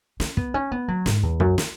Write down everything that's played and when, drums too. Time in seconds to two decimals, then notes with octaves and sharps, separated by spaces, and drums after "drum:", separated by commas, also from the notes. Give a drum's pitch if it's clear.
0.20 C#4, drum: snare
0.37 B3, drum: kick
0.54 C#4
0.72 B3
0.88 F#3
1.06 G#2, drum: snare
1.23 E2
1.40 F#2, drum: kick
1.58 drum: snare